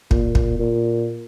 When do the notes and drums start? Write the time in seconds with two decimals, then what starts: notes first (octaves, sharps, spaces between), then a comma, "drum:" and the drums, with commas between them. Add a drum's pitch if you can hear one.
0.11 A#2, drum: kick
0.35 drum: kick
0.59 A#2